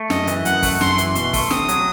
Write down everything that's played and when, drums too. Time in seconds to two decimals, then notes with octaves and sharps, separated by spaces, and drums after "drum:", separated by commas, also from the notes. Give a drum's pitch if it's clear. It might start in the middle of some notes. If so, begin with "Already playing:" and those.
Already playing: A3
0.10 F#2 D#5, drum: snare
0.27 E3, drum: hi-hat
0.45 F#2 F#5, drum: hi-hat
0.63 A3, drum: kick, open hi-hat
0.81 F#2 C6, drum: snare
0.98 E3, drum: hi-hat
1.15 B2 C6, drum: hi-hat
1.33 A3, drum: kick, open hi-hat
1.51 C4 D#6, drum: snare
1.68 F#3, drum: hi-hat